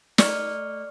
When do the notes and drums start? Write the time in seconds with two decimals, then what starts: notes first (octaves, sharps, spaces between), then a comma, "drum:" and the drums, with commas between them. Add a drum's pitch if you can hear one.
0.18 A3 D5 C#6 F6, drum: snare